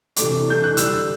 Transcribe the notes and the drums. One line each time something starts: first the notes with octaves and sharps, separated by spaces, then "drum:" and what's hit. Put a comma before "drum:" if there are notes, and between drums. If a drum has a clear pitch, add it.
C3 E3 A3 D4 D6, drum: hi-hat
E3 A3 D4 G6
F#6
D3 G3 D4 E6, drum: hi-hat